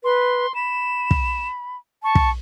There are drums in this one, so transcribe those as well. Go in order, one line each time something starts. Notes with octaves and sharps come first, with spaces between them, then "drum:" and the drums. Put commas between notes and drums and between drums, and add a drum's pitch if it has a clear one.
B4 C6
B5 E7
drum: kick
A5 C#6
drum: kick